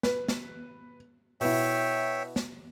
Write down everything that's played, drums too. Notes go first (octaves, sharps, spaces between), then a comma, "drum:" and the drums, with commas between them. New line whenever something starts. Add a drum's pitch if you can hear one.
B4, drum: snare
drum: snare
B2 E4 C#5 E5 G5, drum: open hi-hat
drum: snare